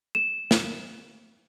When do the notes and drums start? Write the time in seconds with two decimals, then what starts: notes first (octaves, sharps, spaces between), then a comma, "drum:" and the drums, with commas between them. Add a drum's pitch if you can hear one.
0.15 E7
0.51 drum: snare